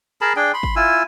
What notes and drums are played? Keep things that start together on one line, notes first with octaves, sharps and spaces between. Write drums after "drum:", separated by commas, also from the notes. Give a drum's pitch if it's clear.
G#4 A#4 A5 B5
D4 G#4 G5
B5 C6
drum: kick
E4 F4 G#5 E6